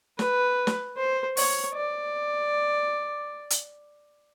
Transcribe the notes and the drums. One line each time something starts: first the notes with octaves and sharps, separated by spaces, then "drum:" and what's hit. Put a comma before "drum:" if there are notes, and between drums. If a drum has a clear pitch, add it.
B4, drum: snare
drum: snare
C5
C#5, drum: open hi-hat
D5
drum: hi-hat